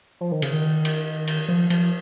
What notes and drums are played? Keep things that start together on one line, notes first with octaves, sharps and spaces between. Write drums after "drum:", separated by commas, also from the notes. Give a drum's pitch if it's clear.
F3
D#3
C#3, drum: cymbal
D#3
drum: cymbal
drum: cymbal
F3
F3, drum: cymbal